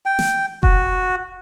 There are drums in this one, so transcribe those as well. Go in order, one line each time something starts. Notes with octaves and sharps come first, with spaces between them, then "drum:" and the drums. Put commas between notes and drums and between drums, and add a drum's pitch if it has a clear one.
G5
drum: snare
F#4, drum: kick F1